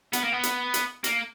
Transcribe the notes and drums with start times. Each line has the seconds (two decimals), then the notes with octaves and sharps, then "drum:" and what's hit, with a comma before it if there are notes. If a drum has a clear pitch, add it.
0.13 B3, drum: hi-hat
0.23 A#3
0.33 B3
0.43 drum: hi-hat
0.74 drum: hi-hat
1.04 A#3, drum: hi-hat